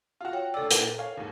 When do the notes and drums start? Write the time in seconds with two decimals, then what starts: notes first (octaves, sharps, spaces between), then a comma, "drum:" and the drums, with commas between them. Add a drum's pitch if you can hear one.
0.21 F4 F#4
0.33 C#5 G5
0.54 D2 A4 D5 E6
0.71 A#2, drum: hi-hat
0.98 C#5 F5
1.17 D#2 G#2